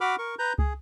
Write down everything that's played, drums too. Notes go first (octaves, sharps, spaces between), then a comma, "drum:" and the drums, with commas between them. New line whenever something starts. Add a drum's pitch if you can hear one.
F#4 F#5 B5 D6 F6
A#4 C#6
B4 A#5 G6
G#4, drum: kick C#2